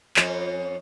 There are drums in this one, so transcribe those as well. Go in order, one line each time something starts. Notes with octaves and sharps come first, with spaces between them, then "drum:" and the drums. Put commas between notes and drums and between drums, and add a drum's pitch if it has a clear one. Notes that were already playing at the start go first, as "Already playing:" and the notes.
F2 C#4, drum: clap